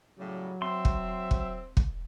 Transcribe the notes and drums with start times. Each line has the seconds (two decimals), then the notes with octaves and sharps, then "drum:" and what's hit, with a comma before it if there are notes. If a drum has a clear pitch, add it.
0.19 A2 C#3 F#3 G3
0.62 C4 E5 C6
0.85 drum: kick
1.31 drum: kick
1.77 drum: kick